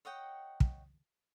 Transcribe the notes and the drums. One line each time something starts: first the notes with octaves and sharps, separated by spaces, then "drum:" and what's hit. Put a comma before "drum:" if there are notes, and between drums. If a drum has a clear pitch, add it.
C#5 D#5 F#5 G5
drum: kick